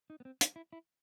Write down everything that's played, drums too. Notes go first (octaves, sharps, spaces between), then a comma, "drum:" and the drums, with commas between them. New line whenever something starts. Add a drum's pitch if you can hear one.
D#4
B3
C4
D#4, drum: hi-hat
E4
E4